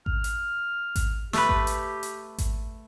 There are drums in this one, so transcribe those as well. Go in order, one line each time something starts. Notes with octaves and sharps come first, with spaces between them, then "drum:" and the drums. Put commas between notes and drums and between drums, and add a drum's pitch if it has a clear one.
F6, drum: kick G#1
drum: hi-hat
drum: kick G#1, hi-hat
A3 G4 B4, drum: snare
drum: kick G#1
drum: hi-hat
drum: hi-hat
drum: kick G#1, hi-hat